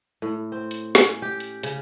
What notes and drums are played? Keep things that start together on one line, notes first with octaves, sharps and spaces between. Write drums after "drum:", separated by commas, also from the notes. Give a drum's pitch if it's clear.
A2
C4
drum: hi-hat
C#4, drum: snare
G4
drum: hi-hat
C#3, drum: hi-hat